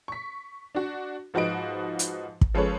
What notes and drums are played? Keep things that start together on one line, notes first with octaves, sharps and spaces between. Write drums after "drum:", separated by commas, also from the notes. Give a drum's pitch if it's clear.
C#6 B6
D4 F#4
G#2 F3 F#4 B4 D#5 D7
drum: hi-hat
drum: kick
F3 G#3 C#4 A4 B4 C#5